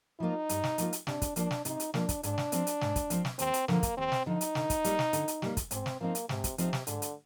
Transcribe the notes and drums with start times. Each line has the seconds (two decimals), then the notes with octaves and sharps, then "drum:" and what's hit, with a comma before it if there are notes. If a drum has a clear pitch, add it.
0.20 F3 A#3 D#4 F4
0.49 G2, drum: hi-hat
0.64 drum: snare
0.78 F3 A#3 F4, drum: hi-hat
0.93 drum: hi-hat
1.07 C3 D4, drum: snare
1.22 drum: kick, hi-hat
1.36 F3 A#3 D4, drum: hi-hat
1.51 drum: snare
1.65 C3 D#4, drum: hi-hat
1.80 drum: hi-hat
1.94 F3 A#3 D4, drum: snare
2.09 drum: kick, hi-hat
2.23 G#2 D4, drum: hi-hat
2.38 drum: snare
2.52 F3 C4, drum: hi-hat
2.67 drum: hi-hat
2.81 G#2, drum: snare
2.96 drum: kick, hi-hat
3.10 F3 C4, drum: hi-hat
3.25 drum: snare
3.39 D#2 C4, drum: hi-hat
3.54 drum: hi-hat
3.68 D3 F3 A#3, drum: snare
3.83 drum: kick, hi-hat
3.97 D#2 C4
4.12 drum: snare
4.26 D3 F3 D#4
4.41 drum: hi-hat
4.55 D3, drum: snare
4.70 drum: kick, hi-hat
4.84 G3 A#3, drum: hi-hat
4.99 drum: snare
5.13 D3, drum: hi-hat
5.28 drum: hi-hat
5.42 G3 A#3, drum: snare
5.57 drum: kick, hi-hat
5.71 G#2 C4, drum: hi-hat
5.86 drum: snare
6.01 F3 A#3 C4 D#4
6.15 drum: hi-hat
6.29 G#2 C3, drum: snare
6.44 drum: kick, hi-hat
6.58 C3 F3 C4 D#4, drum: hi-hat
6.73 drum: snare
6.87 G#2 D3, drum: hi-hat
7.02 drum: hi-hat